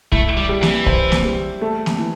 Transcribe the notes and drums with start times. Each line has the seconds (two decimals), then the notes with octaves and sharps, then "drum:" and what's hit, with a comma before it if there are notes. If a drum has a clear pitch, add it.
0.12 A3 E4, drum: kick
0.37 G3
0.49 G3
0.63 E3, drum: snare A#3
0.86 C5, drum: kick
1.12 drum: snare A#3
1.25 G3
1.61 A3
1.86 drum: snare A#3
1.99 E3